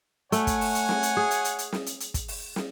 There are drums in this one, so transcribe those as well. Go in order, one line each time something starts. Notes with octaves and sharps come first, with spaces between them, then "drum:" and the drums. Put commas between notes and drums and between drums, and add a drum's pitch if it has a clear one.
A3 C#5 F#5 G#5, drum: hi-hat
drum: kick, hi-hat
drum: open hi-hat
drum: hi-hat
drum: snare
drum: hi-hat
G#4
drum: hi-hat
drum: hi-hat
drum: hi-hat
drum: snare
drum: hi-hat
drum: hi-hat
drum: kick, hi-hat
drum: open hi-hat
drum: snare